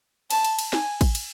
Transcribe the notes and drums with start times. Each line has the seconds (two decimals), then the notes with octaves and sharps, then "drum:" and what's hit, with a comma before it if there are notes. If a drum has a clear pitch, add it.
0.30 A5, drum: cymbal
0.44 drum: cymbal
0.59 drum: cymbal
0.73 G#5, drum: snare
1.01 drum: kick, cymbal
1.15 drum: cymbal